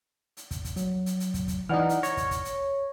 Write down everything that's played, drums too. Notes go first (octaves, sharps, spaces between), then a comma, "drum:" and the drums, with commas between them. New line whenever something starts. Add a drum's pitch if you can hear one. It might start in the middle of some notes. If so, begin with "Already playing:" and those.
drum: hi-hat
drum: kick, hi-hat
drum: kick, hi-hat
F#3, drum: hi-hat
drum: hi-hat
drum: hi-hat
drum: kick, hi-hat
drum: kick, hi-hat
E3 D#4 D5 F#5 F6
drum: hi-hat
C#5 A#6, drum: hi-hat
drum: kick, hi-hat
drum: kick, hi-hat
drum: hi-hat